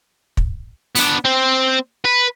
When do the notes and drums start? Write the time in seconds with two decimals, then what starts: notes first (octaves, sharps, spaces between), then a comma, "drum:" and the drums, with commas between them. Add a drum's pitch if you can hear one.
0.37 drum: kick
0.95 B3 D4, drum: open hi-hat
1.25 C4 C5
2.05 B4